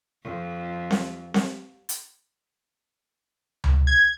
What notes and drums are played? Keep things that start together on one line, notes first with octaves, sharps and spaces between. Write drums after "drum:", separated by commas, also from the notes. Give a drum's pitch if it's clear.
F2
drum: snare C4
drum: snare C4
drum: hi-hat
drum: tom C#2
G#6